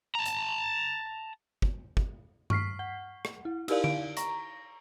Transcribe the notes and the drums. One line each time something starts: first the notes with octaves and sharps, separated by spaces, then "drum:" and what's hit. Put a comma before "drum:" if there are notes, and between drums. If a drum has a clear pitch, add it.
A5 A#5
drum: hi-hat
drum: kick
drum: kick
C#6 F6 B6 C7, drum: tom G2
F#5
drum: rim click
E4
D#4 E4 G4 A#4 D5 F5, drum: cymbal
D7, drum: tom D3
A#5 C#6 A#6, drum: hi-hat